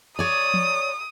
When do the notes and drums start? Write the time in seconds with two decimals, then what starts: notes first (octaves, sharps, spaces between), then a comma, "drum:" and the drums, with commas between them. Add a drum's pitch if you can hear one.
0.19 C#5 D5 D#6
0.54 drum: tom F3